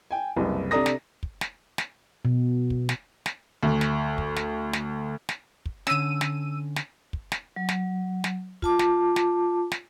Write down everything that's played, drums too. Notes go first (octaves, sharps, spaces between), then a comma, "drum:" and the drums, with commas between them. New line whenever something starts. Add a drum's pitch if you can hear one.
G5 G#5
F#1 C2 B4
C3 D4 A4 A#5 D#6 A#6
drum: snare
drum: kick
drum: snare
drum: snare
B2
drum: kick
drum: snare
drum: snare
D2
drum: snare
drum: kick
drum: snare
drum: snare
drum: snare
drum: kick
D3 C#4 E6 D#7, drum: snare
drum: snare
drum: snare
drum: kick
drum: snare
F#3
drum: snare
drum: snare
F4 A5 D6, drum: kick
drum: snare
drum: snare
drum: snare